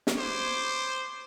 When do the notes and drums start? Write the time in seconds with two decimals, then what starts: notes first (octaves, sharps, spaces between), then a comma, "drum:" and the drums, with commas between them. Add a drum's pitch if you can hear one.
0.07 drum: snare
0.18 B3 C5 C#5 D6